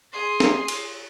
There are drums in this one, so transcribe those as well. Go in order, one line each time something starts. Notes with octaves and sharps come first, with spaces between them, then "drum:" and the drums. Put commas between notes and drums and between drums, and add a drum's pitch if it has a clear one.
G#4 C6
drum: snare
drum: cymbal